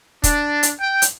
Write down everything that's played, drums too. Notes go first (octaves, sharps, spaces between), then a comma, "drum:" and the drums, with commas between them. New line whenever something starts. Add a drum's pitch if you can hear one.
D4, drum: kick, hi-hat
drum: hi-hat
G5
drum: hi-hat